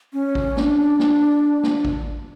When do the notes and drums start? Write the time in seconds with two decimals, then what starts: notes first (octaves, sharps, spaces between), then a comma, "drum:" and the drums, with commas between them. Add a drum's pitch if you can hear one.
0.13 C#4
0.35 drum: kick
0.57 D4, drum: snare
0.99 drum: snare
1.63 drum: snare
1.85 drum: kick